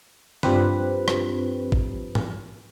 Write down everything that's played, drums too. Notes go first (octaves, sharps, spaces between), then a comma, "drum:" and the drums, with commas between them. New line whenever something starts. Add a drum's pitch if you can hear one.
G2 F3 C4 G4 B4, drum: tom C#3
drum: rim click
drum: kick
drum: tom